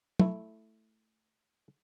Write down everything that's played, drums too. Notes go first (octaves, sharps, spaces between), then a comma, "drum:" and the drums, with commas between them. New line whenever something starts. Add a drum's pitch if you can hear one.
A3 E4, drum: tom